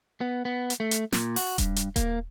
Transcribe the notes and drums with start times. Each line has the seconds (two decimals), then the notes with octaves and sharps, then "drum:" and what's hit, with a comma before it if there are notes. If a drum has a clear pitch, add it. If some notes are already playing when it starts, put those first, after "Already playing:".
0.21 B3
0.45 B3
0.70 drum: hi-hat
0.80 A3
0.91 drum: hi-hat
1.12 A#2, drum: snare
1.36 F#4, drum: open hi-hat
1.58 G2, drum: kick D#1, hi-hat
1.76 drum: hi-hat
1.96 A#3, drum: kick D#1, hi-hat